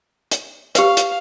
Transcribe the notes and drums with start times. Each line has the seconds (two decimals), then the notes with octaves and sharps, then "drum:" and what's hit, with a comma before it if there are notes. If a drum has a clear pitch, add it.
0.31 drum: hi-hat
0.75 G4 B4 F5, drum: hi-hat
0.97 drum: hi-hat